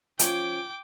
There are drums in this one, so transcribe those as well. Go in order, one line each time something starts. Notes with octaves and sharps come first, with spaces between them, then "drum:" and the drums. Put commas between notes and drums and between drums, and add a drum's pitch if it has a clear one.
F3 C#4 G5 G#5 D6, drum: hi-hat